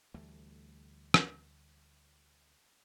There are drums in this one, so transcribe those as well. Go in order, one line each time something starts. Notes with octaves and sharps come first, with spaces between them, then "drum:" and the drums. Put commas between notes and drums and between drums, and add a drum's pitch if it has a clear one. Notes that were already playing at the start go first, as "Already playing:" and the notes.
D2 E3 G3 A3
drum: rim click